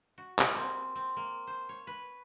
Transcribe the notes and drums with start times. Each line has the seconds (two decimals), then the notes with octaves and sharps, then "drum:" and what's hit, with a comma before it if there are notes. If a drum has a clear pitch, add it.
0.18 F#4
0.39 A#3, drum: clap
0.56 C4
0.95 C4
1.17 A#3
1.47 C5
1.69 C#5
1.87 B4